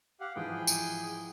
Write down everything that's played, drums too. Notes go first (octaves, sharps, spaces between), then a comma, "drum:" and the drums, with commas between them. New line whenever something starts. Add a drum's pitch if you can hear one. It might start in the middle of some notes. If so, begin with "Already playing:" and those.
G4 F5 F#5
G#2 E3 F3 G#4 G5
drum: tambourine